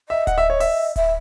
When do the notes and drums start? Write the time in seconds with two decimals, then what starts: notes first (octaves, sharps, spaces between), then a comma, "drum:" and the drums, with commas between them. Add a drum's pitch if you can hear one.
0.09 D#5 E5
0.27 F#5, drum: kick D1, hi-hat
0.38 E5
0.50 C#5
0.60 E5, drum: open hi-hat
0.96 E5, drum: kick D1, hi-hat